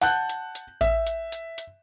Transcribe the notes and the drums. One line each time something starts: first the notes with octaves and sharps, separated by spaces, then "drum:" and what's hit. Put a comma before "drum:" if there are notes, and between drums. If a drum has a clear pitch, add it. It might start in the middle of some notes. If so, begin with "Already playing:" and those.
F#5 A5 F#6 G6, drum: hi-hat
drum: hi-hat
drum: hi-hat
E5, drum: kick A1, hi-hat
drum: hi-hat
drum: hi-hat
drum: hi-hat